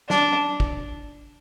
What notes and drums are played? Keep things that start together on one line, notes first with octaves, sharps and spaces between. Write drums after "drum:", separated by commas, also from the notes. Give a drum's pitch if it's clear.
D4, drum: snare
drum: kick